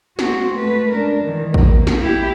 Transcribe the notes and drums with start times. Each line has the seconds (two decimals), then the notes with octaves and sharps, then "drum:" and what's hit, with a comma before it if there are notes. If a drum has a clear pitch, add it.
0.19 C4 F#4, drum: snare
0.54 A3 B4
0.91 D4 A#4
1.24 D#3 E3
1.54 A#3, drum: kick A1
1.87 drum: snare
2.02 E4 G4